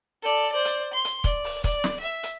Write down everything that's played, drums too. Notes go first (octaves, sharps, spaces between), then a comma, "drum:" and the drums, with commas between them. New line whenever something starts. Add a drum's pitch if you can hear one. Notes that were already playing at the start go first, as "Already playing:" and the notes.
A4 D5
C5 D5
drum: hi-hat
C6
drum: hi-hat
D5, drum: kick, hi-hat
drum: open hi-hat
D5, drum: kick, hi-hat
drum: snare
E5
drum: hi-hat